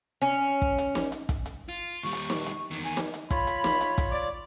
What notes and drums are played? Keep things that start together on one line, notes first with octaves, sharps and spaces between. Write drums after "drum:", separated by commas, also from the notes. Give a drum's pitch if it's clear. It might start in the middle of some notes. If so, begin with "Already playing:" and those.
C#4
drum: kick
drum: hi-hat
drum: snare
drum: hi-hat
drum: kick, hi-hat
drum: hi-hat
F4
D#2 G3 C#6
drum: hi-hat
drum: snare
drum: hi-hat
E2 D#3
G#5
drum: snare
drum: hi-hat
F4 C#5 B5, drum: kick, hi-hat
drum: hi-hat
drum: snare
drum: hi-hat
drum: kick, hi-hat
D5